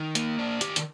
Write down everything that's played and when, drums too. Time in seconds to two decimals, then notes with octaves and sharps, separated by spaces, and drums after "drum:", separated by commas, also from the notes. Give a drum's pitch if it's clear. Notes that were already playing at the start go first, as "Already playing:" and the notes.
Already playing: D#3
0.15 A#3, drum: hi-hat
0.39 D4
0.61 D#3 G4, drum: hi-hat
0.76 drum: hi-hat